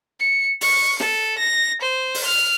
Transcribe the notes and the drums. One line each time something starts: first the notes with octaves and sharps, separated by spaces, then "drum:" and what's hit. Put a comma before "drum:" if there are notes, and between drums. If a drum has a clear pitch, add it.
C#7
C#6, drum: open hi-hat
A4, drum: snare
A#6
C5
drum: open hi-hat
F6